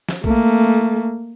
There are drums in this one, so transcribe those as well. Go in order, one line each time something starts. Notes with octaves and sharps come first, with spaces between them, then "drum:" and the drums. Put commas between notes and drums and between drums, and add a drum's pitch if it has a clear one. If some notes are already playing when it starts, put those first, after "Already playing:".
drum: snare
A3 A#3, drum: kick A#1